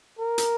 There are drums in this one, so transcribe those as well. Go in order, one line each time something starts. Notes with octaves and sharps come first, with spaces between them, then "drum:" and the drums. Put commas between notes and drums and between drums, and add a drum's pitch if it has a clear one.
A#4
drum: hi-hat